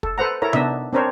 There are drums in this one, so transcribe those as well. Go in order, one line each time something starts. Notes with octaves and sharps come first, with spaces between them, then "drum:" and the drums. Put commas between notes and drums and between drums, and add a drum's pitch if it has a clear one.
A4, drum: kick
A4 B4 C5 F#5 A#5
E4 A4 A#4 C#5 A#5
B3 D4 D#4 D#5 E5, drum: tom C3
C4 D4 A#4 C5 C#5